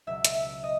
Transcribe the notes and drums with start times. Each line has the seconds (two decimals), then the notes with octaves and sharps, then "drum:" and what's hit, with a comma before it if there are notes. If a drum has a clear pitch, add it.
0.07 C#2 B2 F#3 E5
0.25 drum: hi-hat
0.35 E5
0.63 D#5